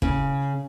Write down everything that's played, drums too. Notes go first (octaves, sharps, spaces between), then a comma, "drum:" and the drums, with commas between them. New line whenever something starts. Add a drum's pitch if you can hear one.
C#3, drum: kick